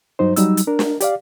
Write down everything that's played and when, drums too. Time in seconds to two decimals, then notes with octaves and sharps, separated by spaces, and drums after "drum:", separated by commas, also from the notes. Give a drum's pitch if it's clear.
0.19 G2 F#3 D#4 C5
0.36 F#3 G3 D#4 E6, drum: hi-hat
0.57 drum: hi-hat
0.67 D4 A#4
0.79 drum: snare
1.00 G4 D5 F5, drum: hi-hat